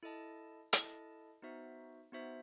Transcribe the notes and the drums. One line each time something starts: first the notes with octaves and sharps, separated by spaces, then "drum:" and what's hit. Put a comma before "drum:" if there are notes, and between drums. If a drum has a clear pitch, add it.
E4 A4 D#5 A5
E4 A4 D#5 A5, drum: hi-hat
B3 D#4 F#4 C5 E5
B3 D#4 F#4 C5 E5